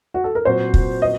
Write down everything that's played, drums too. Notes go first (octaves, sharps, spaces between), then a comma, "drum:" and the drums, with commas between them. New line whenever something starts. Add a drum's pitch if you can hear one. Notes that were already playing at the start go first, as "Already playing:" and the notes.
F#4
A4
A#4
A#2 F#3 C4 F#4 C5
drum: kick
D#5